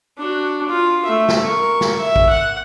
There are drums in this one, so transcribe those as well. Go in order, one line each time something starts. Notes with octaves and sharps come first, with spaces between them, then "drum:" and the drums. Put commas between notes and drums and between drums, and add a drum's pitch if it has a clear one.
D4 F#4
F4
A3 E5
drum: snare
A#4 C#6
drum: snare
E5
drum: kick
F#5